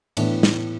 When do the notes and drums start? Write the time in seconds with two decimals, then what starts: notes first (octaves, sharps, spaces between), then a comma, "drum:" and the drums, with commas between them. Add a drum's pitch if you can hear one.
0.17 A2 E3 B3 D4, drum: cymbal
0.43 drum: snare